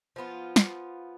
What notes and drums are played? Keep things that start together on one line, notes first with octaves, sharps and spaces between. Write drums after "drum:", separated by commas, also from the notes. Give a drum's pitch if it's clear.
F3 B3 F4
drum: snare